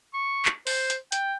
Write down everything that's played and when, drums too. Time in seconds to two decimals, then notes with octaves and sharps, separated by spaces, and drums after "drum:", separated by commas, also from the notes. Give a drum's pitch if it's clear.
0.14 C#6
0.45 drum: clap
0.67 C5, drum: open hi-hat
0.90 drum: hi-hat
1.12 G5, drum: hi-hat